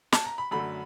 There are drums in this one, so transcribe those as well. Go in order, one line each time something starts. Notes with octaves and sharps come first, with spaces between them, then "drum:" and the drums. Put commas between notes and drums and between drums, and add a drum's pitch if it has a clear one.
A5, drum: snare
A#5
B5
F#2 D3 F#3 A3 B5